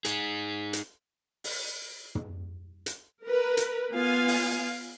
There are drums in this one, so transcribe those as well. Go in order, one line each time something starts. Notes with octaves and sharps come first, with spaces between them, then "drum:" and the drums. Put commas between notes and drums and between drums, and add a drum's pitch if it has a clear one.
D#4 G#4, drum: hi-hat
drum: hi-hat
drum: open hi-hat
drum: tom
drum: hi-hat
A#4 B4
drum: hi-hat
B3 F4 F5 G#5
drum: open hi-hat